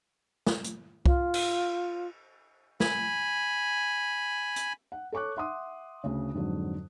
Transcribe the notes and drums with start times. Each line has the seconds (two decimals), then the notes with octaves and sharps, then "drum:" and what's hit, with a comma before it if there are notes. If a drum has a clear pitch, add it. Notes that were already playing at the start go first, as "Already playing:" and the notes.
0.47 drum: snare
0.64 drum: hi-hat
1.06 F4, drum: kick C2
1.34 drum: cymbal
2.80 G#5 B5, drum: snare
4.56 drum: hi-hat
4.92 F#5
5.12 A4 C#5 C#6 D6 F#6
5.37 E5 F#5 C6 D6 D#6
6.04 D2 C#3
6.34 F2 G#2 D3 F#3